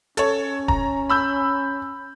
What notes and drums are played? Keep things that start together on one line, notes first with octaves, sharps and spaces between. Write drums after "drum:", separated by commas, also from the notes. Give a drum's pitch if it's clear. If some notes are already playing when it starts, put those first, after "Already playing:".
C#4 A4 C#5, drum: hi-hat
A#5, drum: kick E1
B5 E6 G6